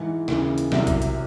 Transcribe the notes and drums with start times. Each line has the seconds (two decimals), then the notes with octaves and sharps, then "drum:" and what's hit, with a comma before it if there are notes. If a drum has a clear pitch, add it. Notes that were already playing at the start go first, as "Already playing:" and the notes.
Already playing: G#2 E3
0.28 D#2 C#3 E3, drum: snare
0.58 drum: hi-hat
0.72 C2 C3 F#3, drum: snare
0.87 drum: kick B1, hi-hat
1.02 drum: hi-hat